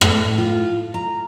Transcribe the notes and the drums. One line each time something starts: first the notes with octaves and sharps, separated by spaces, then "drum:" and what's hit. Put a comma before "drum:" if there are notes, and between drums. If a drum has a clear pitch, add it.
A2, drum: rim click
F4
A#5